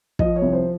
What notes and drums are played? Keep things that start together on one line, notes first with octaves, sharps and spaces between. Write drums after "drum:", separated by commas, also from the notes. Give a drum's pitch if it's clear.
F3 D#5, drum: kick
C#5
C2
C5